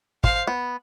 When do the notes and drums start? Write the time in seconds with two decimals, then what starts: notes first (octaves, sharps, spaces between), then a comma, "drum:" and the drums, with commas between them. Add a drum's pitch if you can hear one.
0.24 C5 F5, drum: kick
0.47 B3